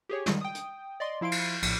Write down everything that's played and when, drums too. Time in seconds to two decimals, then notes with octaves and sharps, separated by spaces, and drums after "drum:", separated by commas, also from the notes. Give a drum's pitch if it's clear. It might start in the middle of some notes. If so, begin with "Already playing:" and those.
0.09 G4 G#4 C#5
0.26 D#3 G3 G#3, drum: snare
0.41 G5 D#6
0.55 drum: hi-hat
1.00 D5 D#5 C6
1.21 F3 E4 F5 C6 D7
1.32 drum: cymbal
1.62 A#1 A2, drum: cymbal